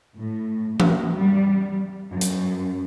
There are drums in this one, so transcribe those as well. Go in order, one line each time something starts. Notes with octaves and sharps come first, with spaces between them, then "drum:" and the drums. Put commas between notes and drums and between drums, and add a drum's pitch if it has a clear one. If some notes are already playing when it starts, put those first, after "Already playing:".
A2
A#3, drum: tom E3
G3
F#2
drum: hi-hat